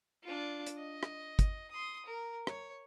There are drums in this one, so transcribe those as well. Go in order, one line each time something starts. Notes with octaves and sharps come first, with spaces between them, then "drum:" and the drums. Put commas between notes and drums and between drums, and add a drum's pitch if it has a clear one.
D4 F4
drum: hi-hat
D#5
drum: rim click
drum: kick, hi-hat
C6 D#6
A#4
C#5, drum: rim click